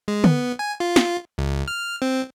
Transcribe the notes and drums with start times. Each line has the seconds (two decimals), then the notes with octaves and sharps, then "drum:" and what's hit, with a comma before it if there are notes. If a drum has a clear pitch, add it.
0.08 G#3
0.24 B3, drum: tom D3
0.59 G#5
0.80 F4
0.96 drum: snare
1.38 C#2
1.68 F6
2.02 C4